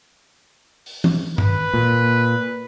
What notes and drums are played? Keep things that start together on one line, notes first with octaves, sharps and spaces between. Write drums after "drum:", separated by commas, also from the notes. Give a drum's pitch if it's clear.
drum: open hi-hat
drum: tom E3
B4, drum: tom G2
A#2